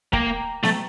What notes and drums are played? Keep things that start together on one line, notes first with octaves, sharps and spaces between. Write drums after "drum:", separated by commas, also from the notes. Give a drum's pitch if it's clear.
A#3 G5 A#5, drum: kick
A3, drum: snare B3